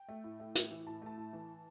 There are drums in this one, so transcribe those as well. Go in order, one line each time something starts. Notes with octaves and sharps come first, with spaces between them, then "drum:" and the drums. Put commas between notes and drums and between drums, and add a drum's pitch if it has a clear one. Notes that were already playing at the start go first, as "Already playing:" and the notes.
Already playing: G5
A3
A2
A3
A2, drum: hi-hat
E3
A2 A5
A3 A5
A2
E3